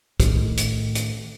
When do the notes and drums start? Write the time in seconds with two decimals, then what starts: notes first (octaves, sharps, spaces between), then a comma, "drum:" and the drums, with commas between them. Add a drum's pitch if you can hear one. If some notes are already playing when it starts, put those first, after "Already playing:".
0.20 A2 D#3, drum: kick, hi-hat
0.57 drum: hi-hat
0.95 drum: hi-hat